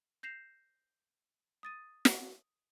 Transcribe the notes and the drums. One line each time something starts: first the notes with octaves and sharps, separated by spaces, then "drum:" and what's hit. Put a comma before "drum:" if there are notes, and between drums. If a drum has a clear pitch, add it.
G6 A#6 C7 E7 F7
D#6 A6 D#7
drum: snare